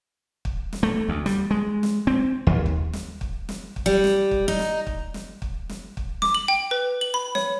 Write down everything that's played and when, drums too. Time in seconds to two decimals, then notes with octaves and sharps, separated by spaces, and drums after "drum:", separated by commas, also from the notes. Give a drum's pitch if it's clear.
0.45 drum: kick
0.73 drum: snare
0.83 A3
1.09 D2
1.26 G3, drum: snare
1.51 G#3
1.83 drum: snare
2.07 C4
2.47 D#2
2.66 drum: kick
2.93 drum: snare
3.21 drum: kick
3.49 drum: snare
3.76 drum: kick
3.86 G3
4.04 drum: snare
4.31 drum: kick
4.48 D#4
4.59 drum: snare
4.87 drum: kick
5.14 drum: snare
5.42 drum: kick
5.69 drum: snare
5.97 drum: kick
6.22 D6, drum: snare
6.35 F#7
6.48 G5
6.71 B4
7.01 F#7
7.14 B5
7.35 C#5, drum: snare